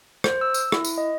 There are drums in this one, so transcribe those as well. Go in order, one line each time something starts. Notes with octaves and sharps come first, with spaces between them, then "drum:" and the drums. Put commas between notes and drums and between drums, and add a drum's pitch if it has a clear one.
C5, drum: rim click
E6
drum: tambourine
E4, drum: rim click
drum: tambourine
D#5